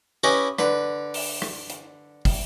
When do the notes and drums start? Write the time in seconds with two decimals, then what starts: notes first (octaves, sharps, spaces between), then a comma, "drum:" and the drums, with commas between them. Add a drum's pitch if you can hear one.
0.24 C#4 E4 G4 B4 D#5 G#5
0.59 D3 B4, drum: rim click
1.14 drum: open hi-hat
1.42 drum: rim click
1.70 drum: hi-hat
2.25 drum: kick, open hi-hat